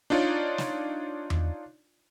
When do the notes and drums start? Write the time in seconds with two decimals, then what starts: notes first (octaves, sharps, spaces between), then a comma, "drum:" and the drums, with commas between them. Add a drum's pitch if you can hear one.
0.10 D4 D#4 F4 C#5 D5
0.58 drum: snare
1.30 drum: tom E2